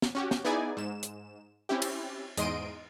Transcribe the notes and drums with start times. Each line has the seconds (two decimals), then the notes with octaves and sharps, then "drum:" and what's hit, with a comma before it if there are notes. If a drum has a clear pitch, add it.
0.02 drum: snare
0.15 C#4 F#4 G4
0.31 drum: snare
0.44 B3 D#4 E4 G#4 D5 G#5
0.77 G#2 E7
1.03 drum: hi-hat
1.69 C4 C#4 E4 G4
1.82 drum: cymbal
2.37 E2 G#2 D#5 C6 D7 D#7, drum: hi-hat